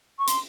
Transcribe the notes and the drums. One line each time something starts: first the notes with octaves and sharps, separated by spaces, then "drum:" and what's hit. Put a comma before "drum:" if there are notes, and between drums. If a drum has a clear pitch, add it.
C#6
C6, drum: hi-hat